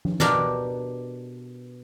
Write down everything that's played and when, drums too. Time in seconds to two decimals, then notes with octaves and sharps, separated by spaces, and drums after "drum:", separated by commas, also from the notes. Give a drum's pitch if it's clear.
0.05 drum: tom F3
0.20 B2 D4 G4 A#4 D5, drum: snare